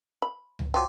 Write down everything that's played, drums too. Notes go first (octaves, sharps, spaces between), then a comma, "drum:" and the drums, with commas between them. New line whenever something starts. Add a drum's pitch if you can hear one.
B5
drum: tom C#2
F3 F#3 G5 C6 D6